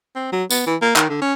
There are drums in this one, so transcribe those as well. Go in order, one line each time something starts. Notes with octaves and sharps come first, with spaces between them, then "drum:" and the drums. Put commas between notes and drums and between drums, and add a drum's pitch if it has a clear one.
C4
F#3
B3, drum: tambourine
E3
A#3
D#3, drum: clap
D3
C#4